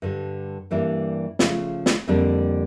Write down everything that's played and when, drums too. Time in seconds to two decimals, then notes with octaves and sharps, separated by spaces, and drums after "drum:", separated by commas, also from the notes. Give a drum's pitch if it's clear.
0.02 G2 D3 G3
0.71 G2 E3 G3 A#3 D4
1.39 C#3 F3 A3, drum: snare
1.86 drum: snare
2.08 F2 D3 G3 A#3 D4